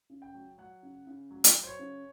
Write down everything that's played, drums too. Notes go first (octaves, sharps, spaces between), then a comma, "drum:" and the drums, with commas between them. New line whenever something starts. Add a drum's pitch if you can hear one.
C#3
G5
F#3
F#3 F#5
C#3
C#3
F#3
drum: hi-hat
F#3
C5
C#5
C#3